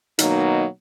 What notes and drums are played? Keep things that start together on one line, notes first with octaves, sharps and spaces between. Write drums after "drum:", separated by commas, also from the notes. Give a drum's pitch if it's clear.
B2 D#3 F#3 A#3 D#4, drum: hi-hat